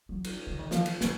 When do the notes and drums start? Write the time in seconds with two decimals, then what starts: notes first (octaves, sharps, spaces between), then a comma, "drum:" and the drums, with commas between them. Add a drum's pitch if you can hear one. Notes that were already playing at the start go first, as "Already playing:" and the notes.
0.09 F#3
0.24 drum: cymbal
0.47 D3
0.59 D#3
0.71 F3, drum: snare
0.86 drum: cymbal
1.01 D#3, drum: snare